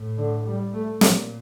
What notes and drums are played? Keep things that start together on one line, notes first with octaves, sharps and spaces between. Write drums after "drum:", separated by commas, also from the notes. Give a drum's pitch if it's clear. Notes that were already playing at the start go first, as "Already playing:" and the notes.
Already playing: A2
D3
G3
A3
A#2 A#3, drum: snare